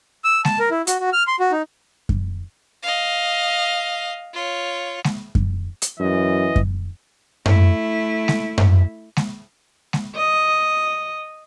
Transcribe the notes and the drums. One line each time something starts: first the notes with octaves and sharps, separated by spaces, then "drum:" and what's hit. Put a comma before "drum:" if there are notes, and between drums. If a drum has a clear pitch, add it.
E6
A5, drum: snare G#3
A#4
E4
F#4, drum: hi-hat
F#4
F6
C6
F#4
D#4
drum: kick F#2
D#5 F5
F4 C#5
drum: snare G#3
drum: kick F#2
drum: hi-hat
F#2 E3 D#5
drum: kick F#2
A3 E4, drum: tom F#2
drum: snare G#3
drum: tom F#2
drum: snare G#3
drum: snare G#3
D#5